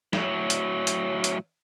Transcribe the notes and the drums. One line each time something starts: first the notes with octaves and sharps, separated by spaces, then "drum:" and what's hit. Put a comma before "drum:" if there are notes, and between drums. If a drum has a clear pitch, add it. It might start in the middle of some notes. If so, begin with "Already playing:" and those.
A2 F#3, drum: snare
drum: hi-hat
drum: hi-hat
drum: hi-hat